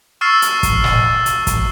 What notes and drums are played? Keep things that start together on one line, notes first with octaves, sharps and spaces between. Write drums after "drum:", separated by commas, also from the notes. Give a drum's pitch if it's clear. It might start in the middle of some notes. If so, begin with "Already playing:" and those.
C#6 E6 F6 A6 C7 E7
drum: hi-hat
drum: kick, hi-hat
drum: snare
drum: hi-hat
drum: kick, hi-hat